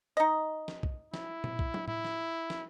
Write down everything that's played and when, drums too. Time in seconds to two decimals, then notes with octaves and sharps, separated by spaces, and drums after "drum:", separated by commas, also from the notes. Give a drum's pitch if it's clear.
0.17 D#4 D#5
0.68 drum: snare
0.83 drum: kick B1
1.14 E4, drum: snare
1.44 drum: tom A#2
1.59 drum: kick B1
1.74 drum: tom
1.88 E4, drum: tom A2
2.05 drum: snare
2.50 drum: snare